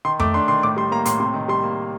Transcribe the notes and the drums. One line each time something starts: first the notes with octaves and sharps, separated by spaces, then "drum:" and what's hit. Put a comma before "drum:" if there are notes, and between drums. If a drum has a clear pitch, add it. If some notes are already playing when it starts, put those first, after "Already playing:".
D#3 C6
A3 D6, drum: tom F2
D4 C6
D#3 C6
A2 D6
G3 C6
A#3 A#5
A2 C6, drum: hi-hat
C3 C6
D#3
G3 C6
A#3